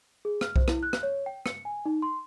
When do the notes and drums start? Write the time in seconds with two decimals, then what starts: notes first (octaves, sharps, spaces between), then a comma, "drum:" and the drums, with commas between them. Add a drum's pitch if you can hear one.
0.25 G#4
0.41 F6, drum: rim click
0.56 C5, drum: kick B1
0.68 E4, drum: rim click
0.83 F#6
0.93 drum: rim click
1.03 C#5
1.26 G5
1.46 C#7, drum: rim click
1.65 G#5
1.86 D#4
2.02 C6